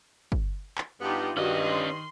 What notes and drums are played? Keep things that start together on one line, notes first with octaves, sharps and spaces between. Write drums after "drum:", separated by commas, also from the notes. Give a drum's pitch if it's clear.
drum: kick
drum: clap
G2 B3 D#4 F4 G4
G2 D#3 C#4 F#4 D#5
C6